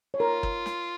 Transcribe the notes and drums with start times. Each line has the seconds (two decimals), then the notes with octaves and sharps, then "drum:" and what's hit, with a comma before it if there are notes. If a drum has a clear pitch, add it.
0.14 C#5
0.20 F4 A#4
0.43 drum: kick
0.66 drum: snare